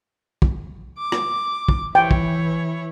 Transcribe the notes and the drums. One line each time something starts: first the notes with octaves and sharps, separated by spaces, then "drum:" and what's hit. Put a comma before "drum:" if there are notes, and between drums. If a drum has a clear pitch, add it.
drum: kick
D6
drum: rim click
drum: kick
E3 E4 C#5 G5
drum: kick